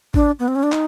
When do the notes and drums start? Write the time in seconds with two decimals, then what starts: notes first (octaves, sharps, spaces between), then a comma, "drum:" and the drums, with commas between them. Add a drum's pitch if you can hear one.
0.14 D4, drum: kick G#1
0.39 B3
0.48 C4
0.56 C#4
0.63 D4
0.72 D#4, drum: clap